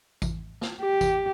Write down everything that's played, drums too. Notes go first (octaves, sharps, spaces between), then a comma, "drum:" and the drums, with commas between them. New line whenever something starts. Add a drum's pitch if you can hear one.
drum: kick, tambourine
drum: snare
G4
drum: kick, tambourine